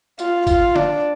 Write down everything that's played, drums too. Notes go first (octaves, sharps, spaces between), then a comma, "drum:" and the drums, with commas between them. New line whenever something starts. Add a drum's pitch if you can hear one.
F4, drum: tambourine
F4, drum: kick, tambourine
D4, drum: snare